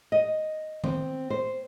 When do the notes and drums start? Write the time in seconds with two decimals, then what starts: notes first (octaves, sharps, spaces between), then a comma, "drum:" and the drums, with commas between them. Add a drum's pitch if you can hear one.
0.12 D#5
0.84 C4, drum: tom D#3
1.30 C5